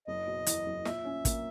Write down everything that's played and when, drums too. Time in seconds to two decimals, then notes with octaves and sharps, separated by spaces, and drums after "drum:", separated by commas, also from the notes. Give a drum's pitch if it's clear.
0.07 F#1 D#5
0.27 B2
0.47 E2, drum: hi-hat
0.66 F#1
0.85 A#2 E5, drum: snare
1.04 C#4
1.25 A#3, drum: kick, hi-hat